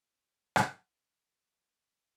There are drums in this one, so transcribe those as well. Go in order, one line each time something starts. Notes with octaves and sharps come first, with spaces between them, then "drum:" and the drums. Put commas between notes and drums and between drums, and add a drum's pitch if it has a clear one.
B2 G4 G#4
drum: rim click